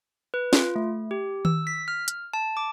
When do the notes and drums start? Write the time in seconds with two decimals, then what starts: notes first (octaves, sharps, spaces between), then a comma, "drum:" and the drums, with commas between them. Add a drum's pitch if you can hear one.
0.34 B4
0.53 F4, drum: snare
0.76 A3
1.11 G4
1.45 E6, drum: tom D#3
1.67 B6
1.88 F6
2.08 drum: hi-hat
2.34 A5
2.57 D6